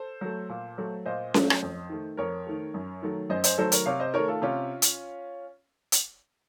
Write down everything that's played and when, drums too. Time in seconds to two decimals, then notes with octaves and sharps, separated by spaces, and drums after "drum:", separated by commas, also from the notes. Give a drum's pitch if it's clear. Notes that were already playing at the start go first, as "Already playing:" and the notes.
Already playing: A4 C5
0.21 F#3 A3
0.49 A#2
0.78 F#3 A3
1.06 A#2 C5 D#5
1.34 F#3 A3, drum: snare
1.50 drum: rim click
1.63 F2
1.89 D#3 A3
2.17 F2 A#4 C#5
2.47 D#3 A3
2.74 F#2
3.02 D#3 F#3 A3
3.30 F#2 C5 D#5
3.44 C5 D#5, drum: hi-hat
3.58 D#3 F#3 A3 A4 C5
3.72 A#4 C#5, drum: hi-hat
3.86 C3 C#5 F5
4.00 C5 D#5
4.14 D#3 A3 A#4 C#5
4.28 F4 A4
4.42 C3 C#4 F4
4.82 drum: hi-hat
5.92 drum: hi-hat